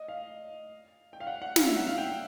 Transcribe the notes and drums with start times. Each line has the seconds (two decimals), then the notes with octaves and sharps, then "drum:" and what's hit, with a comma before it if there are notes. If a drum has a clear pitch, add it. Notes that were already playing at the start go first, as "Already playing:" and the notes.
Already playing: D#5
0.08 F5
1.13 G5
1.20 F5
1.27 F#5
1.42 F#5
1.56 F5, drum: snare
1.66 E5
1.76 F#5
1.87 F5
1.98 G5